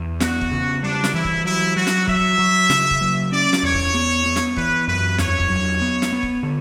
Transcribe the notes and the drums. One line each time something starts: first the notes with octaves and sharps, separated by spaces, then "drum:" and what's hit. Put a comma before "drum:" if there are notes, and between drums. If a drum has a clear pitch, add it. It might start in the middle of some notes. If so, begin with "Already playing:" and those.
Already playing: E2
B3 F#4, drum: snare
drum: kick
C#3
G3 D4
drum: snare
E3 E4
drum: kick
F#3 E4
F#3 F#4
drum: snare
F#3 E5, drum: kick
F#3
C#3, drum: snare
drum: kick
F#3
C#4 D5
drum: snare
E2 C#5
drum: kick
B3
B3
drum: snare
E3 B4, drum: kick
F#2 B4
E2 C#5, drum: snare
drum: kick
F#3
B3
drum: snare
B3
drum: kick
D3